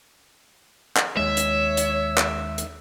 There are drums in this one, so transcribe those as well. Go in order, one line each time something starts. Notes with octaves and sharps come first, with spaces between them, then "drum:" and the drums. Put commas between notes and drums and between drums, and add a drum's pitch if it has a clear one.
drum: clap
D#2 G#3 C#5 E5
drum: hi-hat
drum: hi-hat
drum: clap
drum: hi-hat